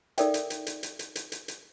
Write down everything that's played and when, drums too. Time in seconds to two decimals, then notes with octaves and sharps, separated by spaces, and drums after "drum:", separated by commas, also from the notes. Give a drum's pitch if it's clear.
0.18 D#4 A4 A#4 D5 E5 G5, drum: hi-hat
0.34 drum: hi-hat
0.50 drum: hi-hat
0.67 drum: hi-hat
0.83 drum: hi-hat
0.99 drum: hi-hat
1.15 drum: hi-hat
1.32 drum: hi-hat
1.48 drum: hi-hat